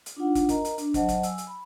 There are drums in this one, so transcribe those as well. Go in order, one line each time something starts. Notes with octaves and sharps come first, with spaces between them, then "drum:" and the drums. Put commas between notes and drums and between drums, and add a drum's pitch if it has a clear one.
drum: hi-hat
D4 D#4 F4 F#5
drum: kick, hi-hat
A#4 D#5 A#5, drum: kick, hi-hat
drum: hi-hat
D4, drum: hi-hat
F#3 C5 D#5 F#5 A5, drum: kick, hi-hat
drum: kick, hi-hat
G#5 E6, drum: hi-hat
drum: hi-hat
B5